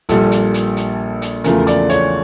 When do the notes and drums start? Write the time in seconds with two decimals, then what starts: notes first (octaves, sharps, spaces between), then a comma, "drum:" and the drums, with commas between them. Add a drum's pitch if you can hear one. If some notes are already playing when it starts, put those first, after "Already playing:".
0.09 A#1 A#2 G3 A4, drum: hi-hat
0.31 drum: hi-hat
0.54 drum: hi-hat
0.77 drum: hi-hat
1.22 drum: hi-hat
1.44 E2 C#3 F3 A3 A#4, drum: hi-hat
1.67 D5, drum: hi-hat
1.90 C#5, drum: hi-hat